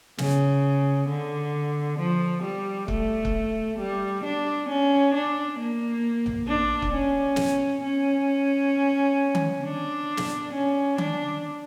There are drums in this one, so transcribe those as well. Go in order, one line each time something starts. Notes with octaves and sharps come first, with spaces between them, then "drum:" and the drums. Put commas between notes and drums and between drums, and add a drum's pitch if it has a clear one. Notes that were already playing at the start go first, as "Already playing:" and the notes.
C#3, drum: snare
D3
F3
G3
A3, drum: kick
drum: kick
G3
D4
C#4
D4
A#3
drum: tom A#1
D4
drum: kick
C#4
drum: snare
C#4
drum: tom D#3
D4
drum: snare
C#4
D4, drum: tom D#3